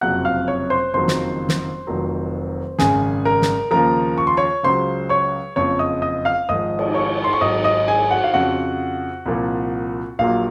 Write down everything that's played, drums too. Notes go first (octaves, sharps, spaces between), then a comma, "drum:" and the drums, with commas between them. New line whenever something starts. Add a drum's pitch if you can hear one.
F#1 F2 C3 F#3 F#5 F#6
F5 F6
C#5 C#6
C5 C6
F#1 F2 D#3 F#3 C5 C6
drum: snare
drum: snare
F1 F2 D#3 F#3
G#1 F#2 C#3 G#4 G#5, drum: snare
A#4 A#5
drum: snare
D#2 C#3 F3 A#4 A#5
C#6
C6
C#5 C#6
C#2 C#3 F#3 C5 C6
C#5 C#6
F#1 F2 C#3 C#5 C#6
D#5 D#6
D#5 D#6
F5 F6
G#1 G#2 F3 D#5 D#6
drum: cymbal
C#5 C#6
C6
C#6
G#1 G#2 D#3 F#3 D#5 D#6
D#5 D#6
G#4 G#5
F#4 F#5
F5
F2 C#3 F3 F#4 F#5
C2 A#2 F3
A#1 A#2 F#3 F5